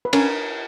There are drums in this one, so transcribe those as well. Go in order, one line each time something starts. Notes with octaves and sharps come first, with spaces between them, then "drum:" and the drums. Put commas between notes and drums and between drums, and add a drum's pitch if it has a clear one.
B4
C#4 A#4, drum: cymbal